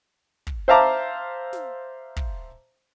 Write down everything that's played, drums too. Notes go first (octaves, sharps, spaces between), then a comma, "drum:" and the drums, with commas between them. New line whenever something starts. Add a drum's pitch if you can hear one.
drum: kick
C5 E5 F5 A5 A#5 D6
drum: snare
drum: kick